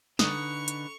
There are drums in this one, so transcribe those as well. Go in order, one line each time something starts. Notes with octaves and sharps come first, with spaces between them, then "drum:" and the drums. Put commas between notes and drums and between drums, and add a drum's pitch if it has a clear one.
D3 D#4 B4 C#6 D#6 F7, drum: snare
drum: hi-hat